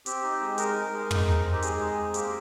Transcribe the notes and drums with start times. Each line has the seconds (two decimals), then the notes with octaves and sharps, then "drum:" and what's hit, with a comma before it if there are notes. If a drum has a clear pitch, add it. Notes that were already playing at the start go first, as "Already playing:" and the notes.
0.06 C4 G4, drum: hi-hat
0.23 D#4
0.41 G#3
0.58 D#4 A#4, drum: hi-hat
0.75 G#3
0.93 G#3
1.11 D#4, drum: tom
1.28 C4
1.45 D#4
1.53 G4
1.62 G#3 G#4, drum: hi-hat
1.79 G#3
1.98 C4
2.14 A#3 G4, drum: hi-hat